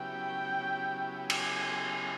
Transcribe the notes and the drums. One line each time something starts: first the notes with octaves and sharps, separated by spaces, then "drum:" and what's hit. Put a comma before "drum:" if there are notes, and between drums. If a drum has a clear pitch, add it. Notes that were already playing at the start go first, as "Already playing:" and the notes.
Already playing: C#3 F#3 B3 E4 G4 G5
G#5, drum: cymbal